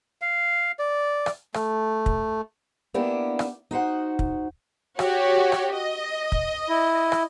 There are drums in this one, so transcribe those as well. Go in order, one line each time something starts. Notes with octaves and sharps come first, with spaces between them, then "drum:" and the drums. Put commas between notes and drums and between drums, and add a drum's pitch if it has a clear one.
F5
D5
drum: rim click
A3, drum: rim click
drum: kick
A#3 B3 D4 E4 G4
drum: rim click
D#4 F#4 C5 F#5
drum: kick
F#4 G4 C#5, drum: rim click
drum: rim click
D#5
drum: kick
E4
drum: rim click